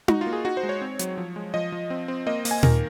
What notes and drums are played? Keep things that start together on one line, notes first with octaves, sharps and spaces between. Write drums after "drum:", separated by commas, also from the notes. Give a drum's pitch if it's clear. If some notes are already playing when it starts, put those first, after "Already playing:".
D#4 F#4, drum: tom D#4
F4
A#3
G#4
D#4 F#4
C5
G#3
C#5
C4
F#3, drum: hi-hat
F3
G#3
F3 D#5
F3
C4
C4
A#3 D#5
A#3, drum: open hi-hat
G#5
D#3 A#4, drum: tom A#2